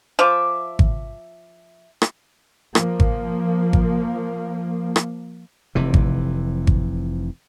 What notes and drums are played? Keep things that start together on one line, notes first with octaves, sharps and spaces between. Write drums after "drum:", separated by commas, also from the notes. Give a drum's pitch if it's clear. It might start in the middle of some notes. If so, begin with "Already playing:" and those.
F3 E5 D6
drum: kick G#1
drum: rim click
F3 A#3, drum: rim click
drum: kick G#1
drum: kick G#1
drum: rim click
F1 C3 E3
drum: kick G#1
drum: kick G#1